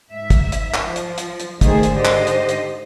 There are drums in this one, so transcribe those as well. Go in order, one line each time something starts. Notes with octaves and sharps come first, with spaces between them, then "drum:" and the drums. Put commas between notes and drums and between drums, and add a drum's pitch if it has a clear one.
G#2 E5
drum: kick, hi-hat
drum: hi-hat
drum: clap
F3
drum: hi-hat
drum: hi-hat
drum: hi-hat
D#3 A3 G#4 C5, drum: kick, hi-hat
drum: hi-hat
G#2 D3 G4 C5 D#5
drum: clap
drum: hi-hat
drum: hi-hat